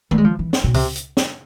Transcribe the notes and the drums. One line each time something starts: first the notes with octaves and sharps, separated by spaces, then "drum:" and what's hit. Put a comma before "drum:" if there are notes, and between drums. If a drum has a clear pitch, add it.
A3, drum: tom D#3
G#3
F3
E3
drum: snare
B2
C3, drum: kick C#2, open hi-hat
drum: hi-hat
drum: snare